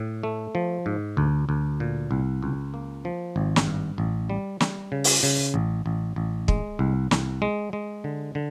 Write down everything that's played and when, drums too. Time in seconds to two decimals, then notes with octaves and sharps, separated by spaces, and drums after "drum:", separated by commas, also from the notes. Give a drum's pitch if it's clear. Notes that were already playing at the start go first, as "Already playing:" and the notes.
Already playing: A2
0.23 A3
0.55 F3
0.86 G#2
1.17 D2
1.49 D2
1.80 A#2
2.11 C2
2.43 C#2
2.74 A#3
3.05 F3
3.36 G#1
3.56 drum: snare
3.67 G2
3.98 A1
4.30 G3
4.60 G3, drum: snare
4.92 C#3
5.04 drum: open hi-hat
5.23 C#3
5.54 A1
5.86 A1
6.16 A1
6.48 G#3, drum: kick
6.79 C2
7.11 C2, drum: snare
7.42 G#3
7.73 G#3
8.04 D3
8.35 D3